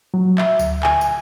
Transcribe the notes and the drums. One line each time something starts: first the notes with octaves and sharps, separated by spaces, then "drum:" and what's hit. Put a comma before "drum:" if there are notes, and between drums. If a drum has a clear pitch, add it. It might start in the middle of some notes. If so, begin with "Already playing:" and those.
F#3
E5, drum: clap
D2, drum: tambourine
G#5, drum: clap
drum: tambourine